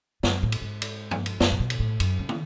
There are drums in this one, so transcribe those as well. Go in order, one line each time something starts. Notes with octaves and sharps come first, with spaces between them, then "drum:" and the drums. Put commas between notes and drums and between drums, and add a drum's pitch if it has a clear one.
F#2, drum: snare
A2
drum: cymbal
G#2
drum: cymbal
drum: tom G2
drum: cymbal
F#2, drum: snare
A2
B2
drum: cymbal
A2
F#2, drum: cymbal
C#3
drum: tom